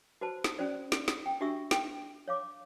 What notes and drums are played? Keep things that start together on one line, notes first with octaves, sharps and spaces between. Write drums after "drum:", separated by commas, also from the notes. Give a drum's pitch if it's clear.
F#4 B4 C5 A5
drum: snare
C#4 F#4 C5 D5
drum: snare
drum: snare
G5
D4 F#4 G4 E5 C#6 E6
G5, drum: snare
C#5 F5 D6